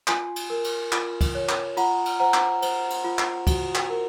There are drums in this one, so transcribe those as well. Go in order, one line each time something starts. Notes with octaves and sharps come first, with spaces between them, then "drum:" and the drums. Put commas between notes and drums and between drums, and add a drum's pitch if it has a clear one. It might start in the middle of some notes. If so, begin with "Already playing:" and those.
F4 G#5 C6, drum: clap
drum: cymbal
A#4
drum: cymbal
F4, drum: clap
drum: kick C#2, cymbal
C#5
drum: clap
F4 F#5 A#5, drum: cymbal
drum: cymbal
C5 F#5 A#5
drum: clap
C5, drum: cymbal
drum: cymbal
F4
drum: clap
F#4, drum: kick C#2, cymbal
drum: clap
A#4